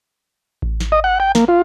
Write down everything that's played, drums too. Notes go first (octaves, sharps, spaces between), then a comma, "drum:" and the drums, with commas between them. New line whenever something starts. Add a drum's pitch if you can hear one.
drum: kick A1
drum: snare
D#5
F#5
G5
A#3, drum: snare
F4